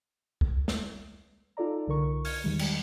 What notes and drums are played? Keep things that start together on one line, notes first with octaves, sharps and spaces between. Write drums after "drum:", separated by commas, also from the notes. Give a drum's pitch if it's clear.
drum: kick
drum: snare
D#4 F4 A4 D5 A#5
C2 D3 A#4 C#6
F6 G#6 C#7, drum: open hi-hat
E2 D#3 G3 G#3
G3, drum: cymbal